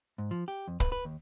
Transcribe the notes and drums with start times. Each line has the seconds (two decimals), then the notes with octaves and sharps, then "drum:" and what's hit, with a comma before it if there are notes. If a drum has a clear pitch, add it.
0.18 G#2
0.31 F3
0.48 G4
0.68 F2
0.80 B4, drum: kick
0.92 B4
1.05 D#2